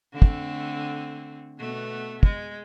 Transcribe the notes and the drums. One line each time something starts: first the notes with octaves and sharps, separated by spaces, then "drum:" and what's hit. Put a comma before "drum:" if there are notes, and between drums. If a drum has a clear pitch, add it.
D3 A3 C4
drum: kick
B2 A3 B3
G#3, drum: kick